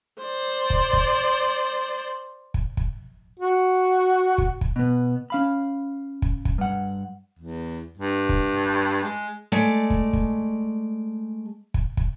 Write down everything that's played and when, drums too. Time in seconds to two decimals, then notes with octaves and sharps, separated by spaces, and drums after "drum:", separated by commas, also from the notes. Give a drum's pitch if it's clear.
0.22 C5 D5
0.70 drum: kick
0.93 drum: kick
2.54 drum: kick
2.77 drum: kick
3.39 F#4
4.38 drum: kick
4.61 drum: kick
4.76 B2 B3
5.30 C#4 F5 B5
6.22 drum: kick
6.45 drum: kick
6.58 G2 F#5
7.39 E2
7.98 G2
8.29 drum: kick
9.04 G#3
9.52 G#3 A3 D5
9.90 drum: kick
10.13 drum: kick
11.74 drum: kick
11.97 drum: kick